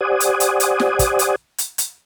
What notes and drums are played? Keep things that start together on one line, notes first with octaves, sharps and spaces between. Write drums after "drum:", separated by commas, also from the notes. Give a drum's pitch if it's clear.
G4 C5 D5 F#5 G#5 D#6
drum: hi-hat
drum: hi-hat
drum: hi-hat
drum: snare
drum: kick, hi-hat
drum: hi-hat
drum: hi-hat
drum: hi-hat